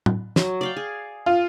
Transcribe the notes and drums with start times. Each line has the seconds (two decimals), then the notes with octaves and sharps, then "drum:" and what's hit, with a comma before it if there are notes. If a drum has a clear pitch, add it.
0.06 drum: tom A2
0.36 F#3, drum: snare
0.61 D5 F5 G5
0.76 G#4
1.26 F4